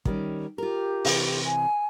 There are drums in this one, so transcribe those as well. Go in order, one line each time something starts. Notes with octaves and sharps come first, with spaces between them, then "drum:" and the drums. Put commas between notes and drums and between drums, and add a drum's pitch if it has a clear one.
D#3 G3 C#4, drum: kick
F4 G4 A#4
C3 E3, drum: open hi-hat
G#5